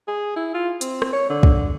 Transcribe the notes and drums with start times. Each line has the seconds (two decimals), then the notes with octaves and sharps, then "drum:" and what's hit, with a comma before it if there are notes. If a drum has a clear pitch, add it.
0.08 G#4
0.36 E4
0.54 F4
0.81 C4, drum: hi-hat
1.02 drum: rim click
1.13 C#5
1.30 D3
1.43 drum: kick